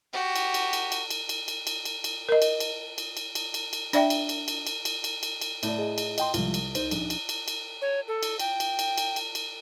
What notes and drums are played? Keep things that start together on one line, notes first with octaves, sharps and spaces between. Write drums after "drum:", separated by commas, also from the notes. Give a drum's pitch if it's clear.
F#4 G4
drum: cymbal
drum: cymbal
drum: cymbal
drum: cymbal
drum: cymbal
drum: cymbal
drum: cymbal
drum: cymbal
drum: cymbal
drum: cymbal
A#4 D#5
drum: cymbal
drum: cymbal
drum: cymbal
drum: cymbal
drum: cymbal
drum: cymbal
drum: cymbal
D4 D5 E5 G5, drum: cymbal
drum: cymbal
drum: cymbal
drum: cymbal
drum: cymbal
drum: cymbal
drum: cymbal
drum: cymbal
drum: cymbal
A2 D5, drum: cymbal
G#4 D#5
drum: cymbal
D#5 G5 C6, drum: cymbal
C2 F3 G#3 F4, drum: cymbal
drum: cymbal
C#2 D#4 C5, drum: cymbal
A#1, drum: cymbal
drum: cymbal
drum: cymbal
drum: cymbal
C#5
A4
drum: cymbal
G5, drum: cymbal
drum: cymbal
drum: cymbal
drum: cymbal
drum: cymbal
drum: cymbal